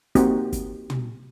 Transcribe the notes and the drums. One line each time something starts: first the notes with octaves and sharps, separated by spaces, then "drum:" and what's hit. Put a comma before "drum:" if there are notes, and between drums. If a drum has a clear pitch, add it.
A#3 C4 D#4 F#4 G4, drum: kick, hi-hat
drum: kick, hi-hat
drum: tom